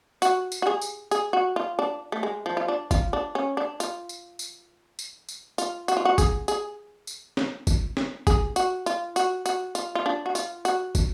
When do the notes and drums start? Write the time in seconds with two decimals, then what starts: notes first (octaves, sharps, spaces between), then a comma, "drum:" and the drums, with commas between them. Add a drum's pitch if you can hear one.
0.22 F#4, drum: tambourine
0.52 drum: tambourine
0.62 F#4
0.67 G#4
0.82 drum: tambourine
1.11 G#4, drum: tambourine
1.33 F#4
1.56 F4
1.79 D4
2.12 A3
2.23 G#3
2.46 F3
2.57 F4
2.68 D4
2.91 F4, drum: kick, tambourine
3.13 D4
3.35 C#4
3.57 D4
3.80 F4, drum: tambourine
4.09 drum: tambourine
4.39 drum: tambourine
4.99 drum: tambourine
5.29 drum: tambourine
5.58 F4, drum: tambourine
5.88 F#4, drum: tambourine
5.97 F4
6.05 F#4
6.18 G#4, drum: kick, tambourine
6.48 G#4, drum: tambourine
7.07 drum: tambourine
7.37 drum: snare
7.67 drum: kick, tambourine
7.97 drum: snare
8.27 G#4, drum: kick, tambourine
8.56 F#4, drum: tambourine
8.86 F4, drum: tambourine
9.16 F#4, drum: tambourine
9.46 F#4, drum: tambourine
9.75 F4, drum: tambourine
9.95 F4
10.06 D4
10.26 F#4
10.35 F4, drum: tambourine
10.65 F#4, drum: tambourine
10.95 drum: kick, tambourine